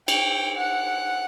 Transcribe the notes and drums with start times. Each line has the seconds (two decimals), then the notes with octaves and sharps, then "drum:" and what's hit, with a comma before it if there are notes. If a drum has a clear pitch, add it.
0.08 G5, drum: cymbal
0.57 F#5